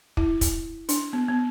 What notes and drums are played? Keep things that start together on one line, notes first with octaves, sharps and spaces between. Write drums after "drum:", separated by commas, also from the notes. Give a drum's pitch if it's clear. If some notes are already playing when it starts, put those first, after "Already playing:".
E4, drum: kick
drum: kick, hi-hat
D4, drum: hi-hat
B3
B3